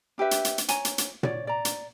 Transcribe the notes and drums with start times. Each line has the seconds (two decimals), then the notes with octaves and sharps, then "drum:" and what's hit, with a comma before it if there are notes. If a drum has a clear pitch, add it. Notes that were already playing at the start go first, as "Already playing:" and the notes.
0.18 D4 G4 B4 E5
0.31 drum: hi-hat
0.45 drum: hi-hat
0.58 drum: hi-hat
0.68 C#5 G#5 A#5, drum: hi-hat
0.85 drum: hi-hat
0.98 drum: hi-hat
1.23 C#5 D5, drum: tom
1.47 D5 A#5
1.65 drum: hi-hat